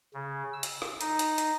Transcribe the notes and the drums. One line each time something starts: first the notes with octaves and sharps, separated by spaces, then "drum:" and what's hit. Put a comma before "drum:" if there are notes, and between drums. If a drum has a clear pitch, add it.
C#3
E6
drum: hi-hat
drum: rim click
D#4, drum: hi-hat
drum: hi-hat
drum: hi-hat